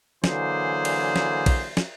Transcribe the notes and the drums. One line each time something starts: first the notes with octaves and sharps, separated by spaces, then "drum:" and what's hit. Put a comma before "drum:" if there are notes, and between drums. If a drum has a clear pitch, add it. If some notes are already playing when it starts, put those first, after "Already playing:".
D3 E3 F#3 A#3 G#4 C5, drum: snare
drum: cymbal
drum: snare
drum: kick A#1, cymbal
drum: snare